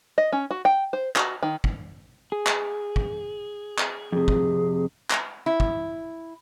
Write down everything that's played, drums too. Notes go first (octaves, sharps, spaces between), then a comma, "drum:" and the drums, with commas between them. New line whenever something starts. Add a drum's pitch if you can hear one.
D#5
C#4
F#4
G5
C5
F#4, drum: clap
D#3
drum: kick
G#4
drum: clap
drum: kick
drum: clap
F2 C3 G#4
drum: kick
drum: clap
E4
drum: kick